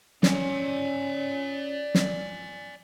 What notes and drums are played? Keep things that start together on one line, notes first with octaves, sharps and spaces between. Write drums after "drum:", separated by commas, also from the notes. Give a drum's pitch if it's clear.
C#4 D5 G#5, drum: snare
drum: snare